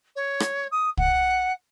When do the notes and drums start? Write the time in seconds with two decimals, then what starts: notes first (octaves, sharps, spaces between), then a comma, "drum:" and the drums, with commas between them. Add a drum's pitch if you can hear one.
0.16 C#5
0.40 drum: rim click
0.71 D#6
0.97 F#5, drum: kick